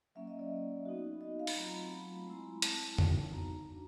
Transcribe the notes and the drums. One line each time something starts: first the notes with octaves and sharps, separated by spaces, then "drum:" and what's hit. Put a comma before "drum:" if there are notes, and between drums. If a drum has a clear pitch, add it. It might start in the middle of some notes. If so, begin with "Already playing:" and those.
F#3 A#3 C#4 E5
D#5
D5
B3 D#4 F#4
D#5
F5
B5, drum: open hi-hat
F#3 A3 C4 F4 A#5
G#3 C4 E4
A5, drum: hi-hat
B3 D#4 F#4, drum: tom F2
A#5
D4 F#4